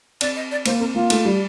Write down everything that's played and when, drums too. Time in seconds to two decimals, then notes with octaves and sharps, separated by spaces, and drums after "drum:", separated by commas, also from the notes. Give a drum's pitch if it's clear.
0.21 C4 D5, drum: cymbal
0.36 D#5
0.51 D5
0.66 A#3 C5, drum: cymbal
0.80 C4 A#4
0.94 A#3 F4
1.10 A3, drum: cymbal
1.25 G3